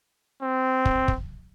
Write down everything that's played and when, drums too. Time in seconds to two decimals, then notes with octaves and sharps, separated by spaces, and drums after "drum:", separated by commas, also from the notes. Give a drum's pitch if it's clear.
0.42 C4
0.85 drum: kick
1.08 drum: kick